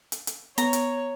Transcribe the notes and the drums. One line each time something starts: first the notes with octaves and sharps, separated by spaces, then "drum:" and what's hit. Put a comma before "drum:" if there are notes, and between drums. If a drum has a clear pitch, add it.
drum: hi-hat
drum: hi-hat
B3 C#5 A#5 A#6, drum: hi-hat
drum: hi-hat